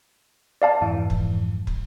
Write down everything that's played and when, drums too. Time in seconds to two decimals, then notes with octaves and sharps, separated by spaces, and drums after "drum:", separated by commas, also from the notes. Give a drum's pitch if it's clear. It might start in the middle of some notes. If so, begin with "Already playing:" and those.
0.62 D5 F5 A5
0.81 F2 G#2 E3
1.10 drum: kick
1.67 drum: kick